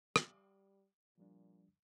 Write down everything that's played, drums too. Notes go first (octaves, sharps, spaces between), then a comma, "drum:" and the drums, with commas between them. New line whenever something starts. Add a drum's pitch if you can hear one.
G3, drum: rim click
A#2 F3 G3 D4